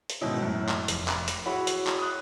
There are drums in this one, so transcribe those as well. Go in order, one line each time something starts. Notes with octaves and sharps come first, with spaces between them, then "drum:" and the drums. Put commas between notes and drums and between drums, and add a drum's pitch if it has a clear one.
drum: hi-hat
G#2 B2 D#3 C#4 D#4 E4
F#2 A2
drum: clap
F1, drum: hi-hat
drum: clap
drum: hi-hat
E4 F#4 G#4 C#5 F#5 B5
drum: hi-hat
drum: clap
D#6 F#6